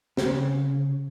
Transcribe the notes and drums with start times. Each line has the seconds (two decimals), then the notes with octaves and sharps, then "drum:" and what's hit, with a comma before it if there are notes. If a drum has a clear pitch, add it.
0.17 C#3, drum: snare